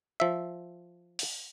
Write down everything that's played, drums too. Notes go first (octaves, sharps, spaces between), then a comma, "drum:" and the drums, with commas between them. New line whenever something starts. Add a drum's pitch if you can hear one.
F3 E5
drum: open hi-hat